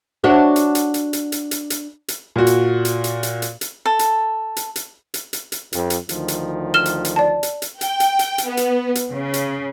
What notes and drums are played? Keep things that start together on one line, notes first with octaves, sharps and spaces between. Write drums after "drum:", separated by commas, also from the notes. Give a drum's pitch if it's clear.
D4 F#4 C#5
drum: hi-hat
drum: hi-hat
drum: hi-hat
drum: hi-hat
drum: hi-hat
drum: hi-hat
drum: hi-hat
drum: hi-hat
A#2 F#4
drum: hi-hat
drum: hi-hat
drum: hi-hat
drum: hi-hat
drum: hi-hat
drum: hi-hat
A4
drum: hi-hat
drum: hi-hat
drum: hi-hat
drum: hi-hat
drum: hi-hat
drum: hi-hat
F2, drum: hi-hat
drum: hi-hat
D2 D#3 F3, drum: hi-hat
drum: hi-hat
F6 E7 G7
drum: hi-hat
drum: hi-hat
D5 A5
drum: hi-hat
drum: hi-hat
G5, drum: hi-hat
drum: hi-hat
drum: hi-hat
drum: hi-hat
B3
drum: hi-hat
drum: hi-hat
C#3
drum: hi-hat